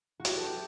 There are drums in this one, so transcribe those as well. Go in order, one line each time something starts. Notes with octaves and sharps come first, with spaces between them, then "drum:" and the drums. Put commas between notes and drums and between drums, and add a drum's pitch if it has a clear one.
F#4
F#3 B3 E4 G4, drum: hi-hat
A4
G4